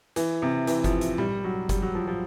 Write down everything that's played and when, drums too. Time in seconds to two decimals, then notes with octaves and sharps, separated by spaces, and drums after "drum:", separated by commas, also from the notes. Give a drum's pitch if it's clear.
0.16 E3, drum: hi-hat
0.42 C3
0.67 E3, drum: hi-hat
0.84 F3, drum: kick F#1, hi-hat
1.01 drum: hi-hat
1.18 G3, drum: tom A#2
1.44 F#3
1.69 G3, drum: kick F#1, hi-hat
1.82 F#3
1.95 F3
2.07 F3